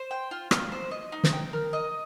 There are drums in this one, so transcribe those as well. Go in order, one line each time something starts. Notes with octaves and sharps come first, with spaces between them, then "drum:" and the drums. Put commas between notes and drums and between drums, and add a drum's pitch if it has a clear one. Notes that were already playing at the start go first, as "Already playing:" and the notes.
Already playing: C5
G5
F4
F4, drum: rim click
C5
D#5
D#4
drum: snare
G5
A#4
D#5